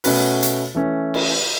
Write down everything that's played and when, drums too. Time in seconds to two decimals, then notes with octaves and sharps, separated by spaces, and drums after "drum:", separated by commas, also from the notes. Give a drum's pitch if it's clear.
0.04 B2 A3 C#4 F#4 B4, drum: open hi-hat
0.43 drum: hi-hat
0.75 E3 A3 C#4
1.14 drum: cymbal